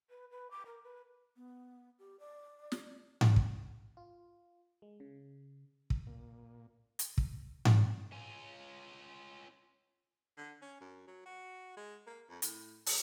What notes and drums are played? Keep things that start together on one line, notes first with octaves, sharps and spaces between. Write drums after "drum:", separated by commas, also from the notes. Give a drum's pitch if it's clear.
B4
B4
D6
A#4
B4
B3
G4
D5
drum: snare
drum: tom G#2
drum: kick
F4
G#3
C#3
drum: kick
A#2
drum: hi-hat
drum: kick
drum: tom G#2
C#4 F4
D3
C#4
F#2
F#3
F#4
G#3
A#3
F2
A2, drum: hi-hat
A3, drum: open hi-hat